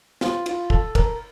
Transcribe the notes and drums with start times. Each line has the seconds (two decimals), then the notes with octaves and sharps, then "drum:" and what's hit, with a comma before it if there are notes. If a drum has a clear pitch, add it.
0.21 F4, drum: snare
0.46 F4, drum: cymbal
0.70 A4, drum: kick
0.95 A#4, drum: kick, cymbal